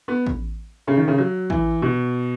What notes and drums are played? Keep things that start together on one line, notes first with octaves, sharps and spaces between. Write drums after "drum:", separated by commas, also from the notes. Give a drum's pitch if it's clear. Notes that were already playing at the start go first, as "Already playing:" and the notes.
B3
drum: kick
C#3
D#3
C#3
F#3
E3, drum: kick
B2